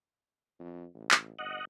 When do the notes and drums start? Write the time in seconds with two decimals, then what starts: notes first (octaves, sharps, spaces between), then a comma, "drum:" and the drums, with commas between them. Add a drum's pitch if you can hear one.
0.60 F2
0.94 A1
1.11 drum: clap
1.39 G1 D#5 F#5